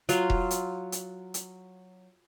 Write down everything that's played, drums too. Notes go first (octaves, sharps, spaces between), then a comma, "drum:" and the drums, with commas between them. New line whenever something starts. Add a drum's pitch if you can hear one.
F#3 F4, drum: hi-hat
drum: kick E1
drum: hi-hat
drum: hi-hat
drum: hi-hat